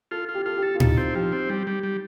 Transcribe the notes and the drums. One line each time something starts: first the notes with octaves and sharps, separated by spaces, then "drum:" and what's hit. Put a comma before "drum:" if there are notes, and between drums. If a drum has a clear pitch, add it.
F4 A4
F4
G4
F4 A4
G4
A4
F4
D#4 A4, drum: tom A2
C4
F3 G4
C4
G3 G4
G3
G3